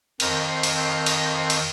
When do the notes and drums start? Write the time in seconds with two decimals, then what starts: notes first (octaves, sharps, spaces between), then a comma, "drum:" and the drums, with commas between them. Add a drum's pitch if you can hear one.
0.20 F2 D#3 C4 A#4, drum: cymbal
0.49 C5
0.63 drum: cymbal
0.78 C5
1.06 D#5, drum: cymbal
1.35 C5
1.50 drum: cymbal